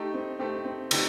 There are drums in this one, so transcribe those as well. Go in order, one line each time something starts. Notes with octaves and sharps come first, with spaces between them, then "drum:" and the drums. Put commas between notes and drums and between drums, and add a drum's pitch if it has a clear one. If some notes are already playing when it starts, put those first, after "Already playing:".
Already playing: A3 D#4 G4
C4
A3 C4 D#4 G4
C4
D3 A3 D#4 G4, drum: cymbal